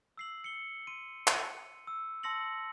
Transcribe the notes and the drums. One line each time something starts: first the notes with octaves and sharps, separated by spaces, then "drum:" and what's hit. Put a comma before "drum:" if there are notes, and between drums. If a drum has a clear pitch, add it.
E6 C7 F#7
C#7 G7
C6 D#7
drum: clap
E6
A5 C6 E6 A#6 C#7 F#7